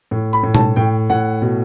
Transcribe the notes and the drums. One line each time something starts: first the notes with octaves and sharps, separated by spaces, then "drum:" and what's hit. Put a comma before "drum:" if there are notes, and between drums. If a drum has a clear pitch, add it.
A2
B5
A2
A5, drum: tom B2
A2 G5
A2 F#5
B2